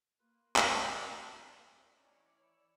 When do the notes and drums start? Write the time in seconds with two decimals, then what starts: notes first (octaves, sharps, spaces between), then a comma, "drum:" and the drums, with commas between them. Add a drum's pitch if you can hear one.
0.19 A#3 F4 B4
0.56 drum: clap
0.72 G3 A3 C4
1.93 E3 C#4 D#4 C#5 D5
2.43 E4 E6